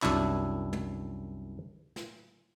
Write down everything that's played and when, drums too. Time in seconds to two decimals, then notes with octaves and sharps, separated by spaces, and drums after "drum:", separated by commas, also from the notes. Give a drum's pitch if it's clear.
0.03 C2 F#2 D4 E4, drum: clap
0.73 drum: tom
1.96 drum: snare